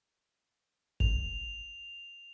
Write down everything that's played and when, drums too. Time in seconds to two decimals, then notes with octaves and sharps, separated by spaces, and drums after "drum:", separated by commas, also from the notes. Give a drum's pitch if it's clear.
1.00 F7, drum: kick